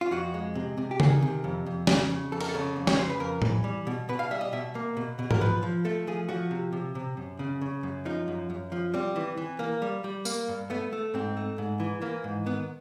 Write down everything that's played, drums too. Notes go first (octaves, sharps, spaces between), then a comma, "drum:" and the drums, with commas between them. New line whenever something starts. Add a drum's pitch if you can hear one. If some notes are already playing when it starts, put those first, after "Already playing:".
F4
F2 F#4
G#3
C3
C3
G4
D#3 G#4, drum: tom C#3
C3
F2
F2
C#3, drum: snare
C#3
F2 A4
A#4, drum: cymbal
A4
C#3
F2
C#5, drum: snare
C#3 C5
B4
F2 A#4
E3, drum: tom
G3
B2
B2 B4
F5
G3 E5
D#5
B2 E5
A#3
B2
B2
A#4, drum: tom G#2
F3 B4
F3
A3 A4
F3 G#4
F3 F#4
C3
C3
C3
F#2
C#3
C#3
F#2
F3 D#4
F#2
F#2
F3
G3 C4
E3
E3
A#3
G3
G3
A#3, drum: tambourine
G2
A3 B3
A3
G#2 C4
A3
G#2
E3
E3 A#3
G#2
D#3 B3